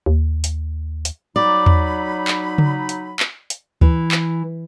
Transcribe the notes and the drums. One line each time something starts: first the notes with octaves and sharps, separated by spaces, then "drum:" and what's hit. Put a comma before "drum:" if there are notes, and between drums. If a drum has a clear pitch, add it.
D#2
drum: hi-hat
drum: hi-hat
F#3 D#4 D5 B5
drum: tom E2
drum: clap
drum: tom C#3
drum: hi-hat
drum: clap
drum: hi-hat
E3, drum: kick D2
drum: clap